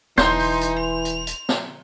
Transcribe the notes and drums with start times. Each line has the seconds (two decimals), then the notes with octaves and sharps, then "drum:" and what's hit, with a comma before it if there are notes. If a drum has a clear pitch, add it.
0.18 E1 E3 D#4 C6 G6 C7, drum: snare
0.39 drum: open hi-hat
0.61 drum: hi-hat
0.78 F7
1.05 drum: hi-hat
1.27 drum: hi-hat
1.49 drum: snare